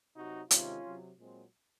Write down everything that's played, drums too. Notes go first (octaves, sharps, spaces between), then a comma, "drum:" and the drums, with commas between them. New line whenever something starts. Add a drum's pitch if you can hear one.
C3 F#3 D#4 F#4
C3 D#3 G#3 C#4 F4, drum: hi-hat
C3 F#3
A#2 F#3 G#3 C4